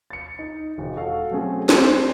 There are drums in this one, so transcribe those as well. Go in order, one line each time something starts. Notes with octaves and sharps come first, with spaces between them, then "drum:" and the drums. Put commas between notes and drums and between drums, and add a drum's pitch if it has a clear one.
A6 C#7
D#4
E1
F#4 A4 F5
F#3 A3 C4 C#4 G#4
C5 C6, drum: snare